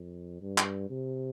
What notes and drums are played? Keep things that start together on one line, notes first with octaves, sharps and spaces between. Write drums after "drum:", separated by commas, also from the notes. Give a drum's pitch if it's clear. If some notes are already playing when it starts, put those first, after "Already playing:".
Already playing: F2
G2
drum: clap
C3